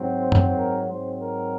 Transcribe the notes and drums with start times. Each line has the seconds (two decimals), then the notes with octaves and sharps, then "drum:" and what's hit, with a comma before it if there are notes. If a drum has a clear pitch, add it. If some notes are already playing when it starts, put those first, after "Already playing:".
Already playing: G#2 F#3 C4
0.21 C5
0.32 drum: tom F#2
0.55 A#4
0.89 G#2 F#3 C4 C5
1.22 A#4